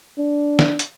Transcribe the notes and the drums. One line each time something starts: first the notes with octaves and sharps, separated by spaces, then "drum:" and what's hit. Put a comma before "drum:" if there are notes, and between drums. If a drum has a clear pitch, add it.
D4
drum: snare
drum: hi-hat